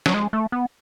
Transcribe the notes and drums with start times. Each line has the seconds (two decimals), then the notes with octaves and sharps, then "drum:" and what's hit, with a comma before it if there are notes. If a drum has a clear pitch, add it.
0.06 F#3, drum: snare
0.14 G#3
0.33 A3
0.52 B3